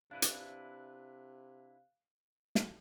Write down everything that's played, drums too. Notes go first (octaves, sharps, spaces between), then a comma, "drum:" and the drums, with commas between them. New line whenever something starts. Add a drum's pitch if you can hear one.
C3 D4 E4 B4 F5 F#6
drum: hi-hat
drum: snare